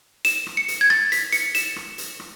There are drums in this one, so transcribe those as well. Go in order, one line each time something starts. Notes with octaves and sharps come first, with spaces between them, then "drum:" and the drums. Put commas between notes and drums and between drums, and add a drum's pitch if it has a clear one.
E7, drum: hi-hat
drum: rim click
C#7
drum: hi-hat
G#6
A6, drum: rim click
B6, drum: hi-hat
C#7, drum: hi-hat
E7, drum: hi-hat
drum: rim click
drum: hi-hat
drum: rim click